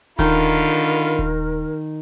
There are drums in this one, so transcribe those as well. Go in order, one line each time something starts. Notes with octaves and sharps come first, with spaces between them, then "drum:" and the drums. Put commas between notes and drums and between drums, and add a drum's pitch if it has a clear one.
D3 D#3 F4 A#4 B5, drum: kick D#1
drum: kick D#1